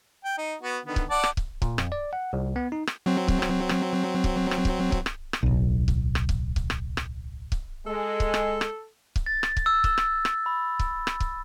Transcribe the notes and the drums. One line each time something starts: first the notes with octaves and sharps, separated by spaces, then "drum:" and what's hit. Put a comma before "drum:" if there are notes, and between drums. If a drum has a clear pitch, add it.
G5
D#4
B3 F#4
D3 D#3 B3
drum: kick C#1
D5 F#5 A5
drum: rim click
drum: kick C#1
A#2, drum: kick C#1
F2, drum: rim click
D5
F#5
C2
B3
D#4
drum: rim click
F#3 C4
drum: kick C#1
drum: rim click
drum: rim click
drum: kick C#1
drum: rim click
drum: kick C#1
drum: kick C#1
drum: rim click
drum: rim click
D1 B1
drum: kick C#1
drum: rim click
drum: kick C#1
drum: kick C#1
drum: rim click
drum: rim click
drum: kick C#1
G#3 A4
drum: kick C#1
drum: rim click
drum: rim click
drum: kick C#1
A6
drum: rim click
drum: kick C#1
E6
drum: kick C#1
drum: rim click
drum: rim click
B5
drum: kick C#1
drum: rim click
drum: kick C#1